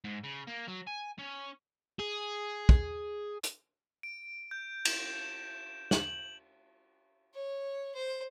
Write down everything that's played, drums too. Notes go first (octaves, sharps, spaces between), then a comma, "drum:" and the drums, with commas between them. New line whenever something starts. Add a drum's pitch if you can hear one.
G#2
C#3
A#3
F#3
G#5
C#4
G#4
drum: kick
drum: hi-hat
D7
G6
E7, drum: cymbal
F#7, drum: snare
C#5
C5